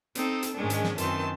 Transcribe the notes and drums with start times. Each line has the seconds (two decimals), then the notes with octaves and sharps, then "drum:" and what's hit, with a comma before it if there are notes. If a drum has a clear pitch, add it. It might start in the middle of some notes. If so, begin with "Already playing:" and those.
0.15 C4 D#4 A4, drum: hi-hat
0.43 drum: hi-hat
0.56 G#2 D#3 G#3 C#4 D4
0.70 drum: hi-hat
0.84 drum: snare
0.98 F#2 D#3 E3 C4 A5 C6, drum: hi-hat